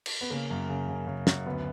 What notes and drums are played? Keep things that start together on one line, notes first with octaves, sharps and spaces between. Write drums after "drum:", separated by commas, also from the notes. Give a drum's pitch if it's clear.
drum: cymbal
B3
C#3 A#3
F#2
C#3
C#3
C#3
F#2, drum: snare
D2 B3